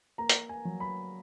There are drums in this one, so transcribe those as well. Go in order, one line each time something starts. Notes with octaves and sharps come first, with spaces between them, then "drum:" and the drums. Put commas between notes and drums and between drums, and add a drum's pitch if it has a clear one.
A#3 A#5
drum: hi-hat
G#5
F#3
B5